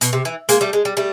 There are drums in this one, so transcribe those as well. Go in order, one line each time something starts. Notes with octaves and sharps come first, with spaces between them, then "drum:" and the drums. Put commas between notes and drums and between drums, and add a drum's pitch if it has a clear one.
B2, drum: hi-hat
C3
E3
G#3 A#3, drum: hi-hat
G3 A3
G#3
G3
G3 A3